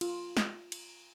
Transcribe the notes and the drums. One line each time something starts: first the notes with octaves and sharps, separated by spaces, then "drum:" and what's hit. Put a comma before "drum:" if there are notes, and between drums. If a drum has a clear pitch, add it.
F4, drum: cymbal
drum: snare
drum: cymbal